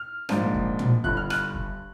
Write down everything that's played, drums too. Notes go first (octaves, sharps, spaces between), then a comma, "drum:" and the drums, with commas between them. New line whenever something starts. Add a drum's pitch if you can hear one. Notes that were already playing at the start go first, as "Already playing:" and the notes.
Already playing: F6
A#1 G#2 F3 A#3 D4, drum: rim click
drum: kick
drum: tom
G1 G2 D3 F#6, drum: kick
F6
F#6, drum: rim click
drum: kick